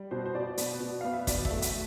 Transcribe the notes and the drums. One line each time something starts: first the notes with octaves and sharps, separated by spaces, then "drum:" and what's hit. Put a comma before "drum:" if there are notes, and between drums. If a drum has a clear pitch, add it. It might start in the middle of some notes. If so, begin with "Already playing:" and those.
Already playing: G3
B2 C5
C5
B2 D5
B3, drum: hi-hat
B2
B3 F5
E5
B2 D5, drum: kick, hi-hat
E5, drum: kick
A3
E5, drum: hi-hat